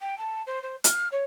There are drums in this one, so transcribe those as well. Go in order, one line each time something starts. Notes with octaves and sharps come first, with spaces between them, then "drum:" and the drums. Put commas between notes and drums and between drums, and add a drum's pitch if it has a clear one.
G5
A5
C5
C5
F6, drum: hi-hat
C#5